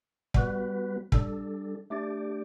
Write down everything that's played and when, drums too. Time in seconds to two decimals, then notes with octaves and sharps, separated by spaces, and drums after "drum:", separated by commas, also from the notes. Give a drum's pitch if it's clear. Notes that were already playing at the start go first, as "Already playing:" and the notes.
0.34 G3 B3 F#4 B4, drum: kick
1.12 G3 D4 A4, drum: kick
1.90 A3 D4 G4 D5